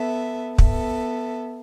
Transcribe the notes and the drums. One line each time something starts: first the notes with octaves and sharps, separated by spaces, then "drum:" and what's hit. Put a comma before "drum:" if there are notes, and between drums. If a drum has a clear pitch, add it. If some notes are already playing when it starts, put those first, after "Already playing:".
Already playing: B3 A4 E5
B3 A4 E5, drum: kick